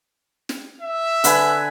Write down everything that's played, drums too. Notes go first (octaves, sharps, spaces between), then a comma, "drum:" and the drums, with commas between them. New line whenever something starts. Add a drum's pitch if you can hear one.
drum: snare
E5
D3 B4 G#5, drum: hi-hat